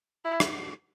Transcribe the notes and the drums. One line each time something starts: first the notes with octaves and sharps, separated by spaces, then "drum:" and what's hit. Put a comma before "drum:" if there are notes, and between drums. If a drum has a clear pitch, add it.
E4
drum: rim click